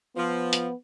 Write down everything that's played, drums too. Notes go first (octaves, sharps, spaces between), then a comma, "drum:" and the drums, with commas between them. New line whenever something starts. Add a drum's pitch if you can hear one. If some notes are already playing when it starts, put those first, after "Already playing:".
F3 B3
drum: hi-hat